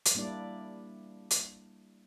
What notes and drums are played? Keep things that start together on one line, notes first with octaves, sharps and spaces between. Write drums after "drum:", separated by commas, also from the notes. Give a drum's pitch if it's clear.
drum: hi-hat
G3 A#3 D4 E4 D5
drum: hi-hat